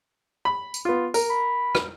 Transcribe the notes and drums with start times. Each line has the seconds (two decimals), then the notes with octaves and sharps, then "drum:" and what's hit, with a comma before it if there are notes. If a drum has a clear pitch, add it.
0.45 B5
0.74 drum: tambourine
0.85 B3 F4
1.14 A#4, drum: tambourine
1.30 B5
1.75 drum: rim click